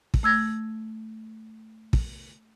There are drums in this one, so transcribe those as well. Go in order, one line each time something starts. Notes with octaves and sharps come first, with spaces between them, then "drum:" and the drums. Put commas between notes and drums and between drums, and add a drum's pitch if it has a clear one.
drum: kick
A3 E6 G#6 A#6
drum: kick